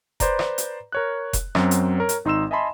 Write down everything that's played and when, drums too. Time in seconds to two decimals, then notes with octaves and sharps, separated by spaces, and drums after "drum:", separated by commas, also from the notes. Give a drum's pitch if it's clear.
0.20 B4 C5 D5 A#5, drum: kick F1, hi-hat
0.39 drum: rim click
0.58 drum: hi-hat
0.92 A#4 C#5 F#6
1.33 drum: kick F1, hi-hat
1.55 F#2 F#3 C4, drum: rim click
1.71 drum: hi-hat
1.98 A#4 C#5
2.09 drum: hi-hat
2.25 G#1 D#4 C6 E6 E7
2.51 D#5 E5 G#5 A5 B5 C6